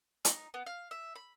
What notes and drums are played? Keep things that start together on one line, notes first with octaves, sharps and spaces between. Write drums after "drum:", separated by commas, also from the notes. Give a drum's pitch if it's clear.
D#4, drum: hi-hat
B3
F5
E5
B5